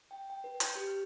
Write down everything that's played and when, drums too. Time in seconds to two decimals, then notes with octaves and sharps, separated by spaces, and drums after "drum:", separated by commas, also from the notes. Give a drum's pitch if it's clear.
0.11 G5
0.30 G5
0.44 B4
0.60 G6, drum: hi-hat
0.75 G4
0.87 F6